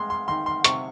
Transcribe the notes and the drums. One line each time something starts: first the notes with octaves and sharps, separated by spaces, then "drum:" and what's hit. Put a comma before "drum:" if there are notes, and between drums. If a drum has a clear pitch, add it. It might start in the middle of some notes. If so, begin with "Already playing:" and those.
Already playing: G#3 C6
C6
D#3 C6
C6
C3 C#6, drum: hi-hat